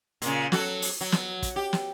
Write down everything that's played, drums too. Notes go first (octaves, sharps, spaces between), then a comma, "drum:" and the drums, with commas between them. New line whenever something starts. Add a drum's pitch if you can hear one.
A#2 C#3, drum: hi-hat
F#3 F#4 A4, drum: snare
drum: open hi-hat
F#3
drum: snare
drum: kick, hi-hat
G4
drum: snare